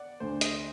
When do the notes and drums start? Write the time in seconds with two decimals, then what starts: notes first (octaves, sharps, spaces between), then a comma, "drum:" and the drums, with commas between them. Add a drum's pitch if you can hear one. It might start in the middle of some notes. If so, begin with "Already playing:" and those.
Already playing: D5 F#5
0.20 D2 D3 A3 D4 C5
0.41 D#5, drum: hi-hat